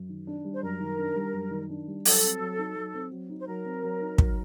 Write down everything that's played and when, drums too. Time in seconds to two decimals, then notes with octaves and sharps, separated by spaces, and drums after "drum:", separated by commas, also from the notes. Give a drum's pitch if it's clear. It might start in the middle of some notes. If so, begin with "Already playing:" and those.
Already playing: F#2
0.09 D#3
0.27 D4
0.45 G3
0.53 C5
0.62 F#2 A#4
0.80 D#3
0.98 D4
1.16 G3
1.33 F#2
1.51 D#3
1.69 D4
1.88 G3
2.05 F#3 A4, drum: open hi-hat
2.23 C4
2.40 F#3
2.59 D#4
2.75 F#3
2.94 C4
3.11 F#3
3.30 D#4
3.39 C5
3.47 F#3 A#4
3.65 C4
3.83 F#3
4.01 D#4
4.18 F#3, drum: kick